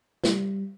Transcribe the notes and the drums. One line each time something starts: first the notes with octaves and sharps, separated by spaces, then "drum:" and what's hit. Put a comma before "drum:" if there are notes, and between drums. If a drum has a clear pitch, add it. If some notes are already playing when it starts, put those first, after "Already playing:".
G3, drum: snare